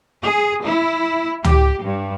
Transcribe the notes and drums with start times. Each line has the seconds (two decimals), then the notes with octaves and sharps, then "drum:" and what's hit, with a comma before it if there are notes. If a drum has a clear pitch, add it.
0.23 G#4
0.64 E4
1.44 G4, drum: tom C#2
1.83 G2